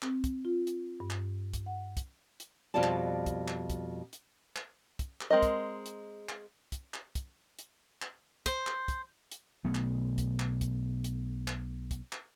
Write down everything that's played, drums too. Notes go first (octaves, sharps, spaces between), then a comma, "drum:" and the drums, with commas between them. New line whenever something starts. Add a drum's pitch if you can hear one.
C4, drum: clap
drum: kick, hi-hat
F4
drum: hi-hat
G2
drum: clap
drum: kick, hi-hat
F#5
drum: kick, hi-hat
drum: hi-hat
F2 B2 G3 F4 D5 A5
drum: clap
drum: kick, hi-hat
drum: clap
drum: kick, hi-hat
drum: hi-hat
drum: clap
drum: kick, hi-hat
drum: clap
G#3 C4 A#4 D#5
drum: kick, hi-hat
drum: hi-hat
drum: clap
drum: kick, hi-hat
drum: clap
drum: kick, hi-hat
drum: hi-hat
drum: clap
C5, drum: kick, hi-hat
drum: clap
drum: kick, hi-hat
drum: hi-hat
B1 B2 A3
drum: clap
drum: kick, hi-hat
drum: clap
drum: kick, hi-hat
drum: hi-hat
drum: clap
drum: kick, hi-hat
drum: clap